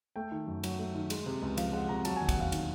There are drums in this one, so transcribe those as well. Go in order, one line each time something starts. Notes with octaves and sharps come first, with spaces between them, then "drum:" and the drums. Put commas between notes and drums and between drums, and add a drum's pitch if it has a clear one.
A3 G5
D#3
F#2
F#3, drum: cymbal
A3
D#3
G#3, drum: cymbal
C3
C#2
F3 F5, drum: cymbal
G#3 F#5
C3 A#5
F#3 A5, drum: cymbal
G#5
D#2
F#5, drum: kick, cymbal
E1 F5
D#3, drum: cymbal